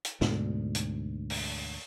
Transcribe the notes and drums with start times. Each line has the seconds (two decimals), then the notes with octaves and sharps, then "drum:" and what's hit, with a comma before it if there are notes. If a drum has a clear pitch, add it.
0.05 drum: hi-hat
0.21 D2 G#2 B2 D4, drum: snare
0.75 drum: hi-hat
1.30 drum: open hi-hat